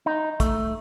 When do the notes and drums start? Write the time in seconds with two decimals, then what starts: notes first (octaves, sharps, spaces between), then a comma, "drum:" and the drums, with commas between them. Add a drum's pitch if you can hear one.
0.06 D#4
0.40 A3, drum: kick, hi-hat